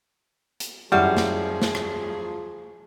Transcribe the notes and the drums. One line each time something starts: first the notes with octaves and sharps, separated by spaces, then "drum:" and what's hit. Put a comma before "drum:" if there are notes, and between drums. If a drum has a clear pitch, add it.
drum: hi-hat
F#2 F3 G3 E4 F#4 G#4 F5
drum: snare
drum: snare
drum: rim click